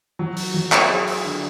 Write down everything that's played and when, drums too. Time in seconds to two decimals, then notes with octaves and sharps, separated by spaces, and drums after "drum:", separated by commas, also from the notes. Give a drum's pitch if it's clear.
0.19 F#3
0.37 drum: open hi-hat
0.54 F#3
0.72 drum: clap
0.90 G#4
1.07 drum: open hi-hat
1.24 D3